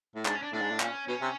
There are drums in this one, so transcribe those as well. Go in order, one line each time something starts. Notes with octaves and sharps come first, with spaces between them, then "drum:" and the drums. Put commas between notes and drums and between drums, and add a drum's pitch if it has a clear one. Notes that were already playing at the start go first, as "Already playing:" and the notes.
A2
G#2 D4, drum: clap
C#4
D4
A2 D4
G#2
A2
A#2 C#4, drum: clap
B2 C#4
C3